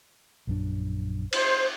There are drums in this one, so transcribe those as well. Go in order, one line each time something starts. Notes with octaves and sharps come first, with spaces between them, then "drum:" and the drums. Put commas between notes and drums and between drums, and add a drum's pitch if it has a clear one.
A#1 F#2 D4
C5, drum: cymbal